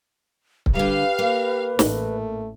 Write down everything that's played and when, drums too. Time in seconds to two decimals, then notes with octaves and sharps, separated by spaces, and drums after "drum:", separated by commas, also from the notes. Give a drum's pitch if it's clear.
0.66 drum: kick C#1
0.75 D3 G3 G4 B4 F5
1.19 A#3
1.79 A1 A3, drum: snare